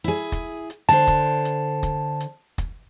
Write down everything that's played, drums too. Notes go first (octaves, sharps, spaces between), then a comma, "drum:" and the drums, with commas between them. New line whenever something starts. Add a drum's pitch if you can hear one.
E4 G#4
drum: kick, hi-hat
drum: hi-hat
D3 C5 A5
drum: kick, hi-hat
drum: hi-hat
drum: kick, hi-hat
drum: hi-hat
drum: kick, hi-hat